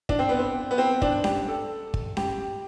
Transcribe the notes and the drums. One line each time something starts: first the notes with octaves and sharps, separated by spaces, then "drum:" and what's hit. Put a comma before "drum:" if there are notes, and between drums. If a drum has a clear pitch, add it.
D4, drum: kick
C4
B3
C4
B3
C4
D4, drum: kick
G4, drum: snare C#4
A4
drum: kick
G4, drum: snare C#4